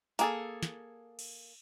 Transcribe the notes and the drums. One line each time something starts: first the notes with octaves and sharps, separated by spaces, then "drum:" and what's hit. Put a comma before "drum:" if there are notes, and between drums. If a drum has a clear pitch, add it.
A#3 G#4 A4, drum: hi-hat
drum: snare
drum: cymbal